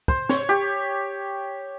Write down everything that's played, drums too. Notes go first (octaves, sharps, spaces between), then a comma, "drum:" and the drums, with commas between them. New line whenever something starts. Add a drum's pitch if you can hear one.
C5, drum: kick
C#5, drum: snare
G4